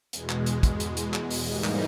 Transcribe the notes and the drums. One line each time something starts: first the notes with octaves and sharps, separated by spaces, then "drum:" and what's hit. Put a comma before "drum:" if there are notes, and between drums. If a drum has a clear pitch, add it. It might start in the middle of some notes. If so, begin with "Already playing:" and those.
E2 B2 G#3, drum: hi-hat
drum: clap
drum: hi-hat
drum: kick, hi-hat
drum: hi-hat
drum: hi-hat
drum: clap
drum: open hi-hat
G#2 E3 G3 A#3 D#4
drum: clap